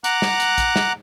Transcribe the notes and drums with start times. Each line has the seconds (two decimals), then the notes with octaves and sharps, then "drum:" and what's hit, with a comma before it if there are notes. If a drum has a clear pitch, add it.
0.04 F#5 A#5 D6 F#6, drum: hi-hat
0.22 drum: snare
0.40 drum: hi-hat
0.58 drum: kick A#1, hi-hat
0.76 drum: snare